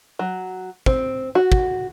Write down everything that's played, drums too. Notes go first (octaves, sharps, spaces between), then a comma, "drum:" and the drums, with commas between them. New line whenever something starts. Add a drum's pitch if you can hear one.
F#3
C4, drum: kick
F#4
drum: kick